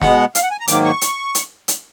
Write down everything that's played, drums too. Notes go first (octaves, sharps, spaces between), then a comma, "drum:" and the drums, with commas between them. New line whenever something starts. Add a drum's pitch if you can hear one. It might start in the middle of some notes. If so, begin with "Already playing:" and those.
B2 G#3 B3 F#5, drum: snare
F5, drum: hi-hat
F#5
G#5
A#5
G#2 D#3 F#3 A#3 D6, drum: hi-hat
C#6
drum: hi-hat
drum: hi-hat
drum: hi-hat